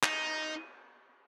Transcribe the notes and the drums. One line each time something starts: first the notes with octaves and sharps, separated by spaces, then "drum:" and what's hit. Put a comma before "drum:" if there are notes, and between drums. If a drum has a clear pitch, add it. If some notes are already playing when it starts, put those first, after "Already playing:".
D#4, drum: clap